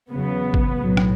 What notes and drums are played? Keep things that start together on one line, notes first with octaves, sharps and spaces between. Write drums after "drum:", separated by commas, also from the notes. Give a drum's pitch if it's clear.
E2 C#3 F#3 B3
drum: kick G#1
B1 A2 F#3
drum: rim click